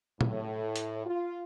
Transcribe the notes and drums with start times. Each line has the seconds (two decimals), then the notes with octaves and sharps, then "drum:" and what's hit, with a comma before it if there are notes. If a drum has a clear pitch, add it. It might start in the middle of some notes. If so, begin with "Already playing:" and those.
0.21 A2, drum: tom
0.76 drum: hi-hat
1.06 F4